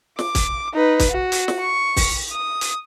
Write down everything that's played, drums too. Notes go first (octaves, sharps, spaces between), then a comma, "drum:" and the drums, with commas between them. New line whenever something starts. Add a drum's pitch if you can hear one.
D6, drum: snare
drum: kick, hi-hat
D#4 B4
drum: kick, hi-hat
F#4
drum: hi-hat
drum: snare
C#6
drum: kick, open hi-hat
D#6
drum: hi-hat